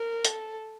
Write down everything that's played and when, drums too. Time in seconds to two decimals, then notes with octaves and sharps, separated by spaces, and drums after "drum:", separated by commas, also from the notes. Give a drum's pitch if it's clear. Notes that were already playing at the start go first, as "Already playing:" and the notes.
Already playing: A#4
0.25 A4, drum: hi-hat